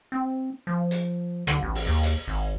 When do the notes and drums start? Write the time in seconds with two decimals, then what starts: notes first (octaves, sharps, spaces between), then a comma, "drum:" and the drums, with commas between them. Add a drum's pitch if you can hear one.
0.12 C4
0.67 F3
0.91 drum: hi-hat
1.47 D3, drum: rim click
1.63 A1
1.75 drum: open hi-hat
1.87 D#2
2.03 drum: hi-hat
2.28 G#1